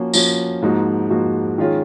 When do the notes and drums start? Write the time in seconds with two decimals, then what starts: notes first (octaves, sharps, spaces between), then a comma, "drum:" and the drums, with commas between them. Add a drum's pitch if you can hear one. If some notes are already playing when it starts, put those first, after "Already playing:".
Already playing: F3 A#3 C#4 F#4
0.14 F3 A#3 C#4 F#4, drum: tambourine
0.62 G#2 F3 A#3 D#4 F#4
1.10 G#2 F3 A#3 D#4 F#4
1.58 D#3 G#3 C#4 F4